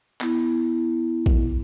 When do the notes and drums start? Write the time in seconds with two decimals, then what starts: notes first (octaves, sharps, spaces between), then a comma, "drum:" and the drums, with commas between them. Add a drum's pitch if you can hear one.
0.21 B3 E4, drum: clap
1.26 drum: kick A#1